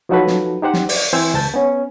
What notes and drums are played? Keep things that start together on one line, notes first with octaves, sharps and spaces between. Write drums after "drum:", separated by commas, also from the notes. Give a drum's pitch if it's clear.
F3 F#3 D#4 F#4 A4 B4
drum: snare
D#4 G4 C5 F#5
drum: snare
D5, drum: open hi-hat
E3 C4 C5 G#5 E6 G#6
C#2 A5 G6 A6
B3 C#4